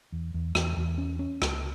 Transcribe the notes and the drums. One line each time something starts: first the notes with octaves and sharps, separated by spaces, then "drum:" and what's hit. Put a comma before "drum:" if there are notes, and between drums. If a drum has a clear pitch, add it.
E2
E2
E2, drum: rim click
E2
C#4
C#4
C#2, drum: rim click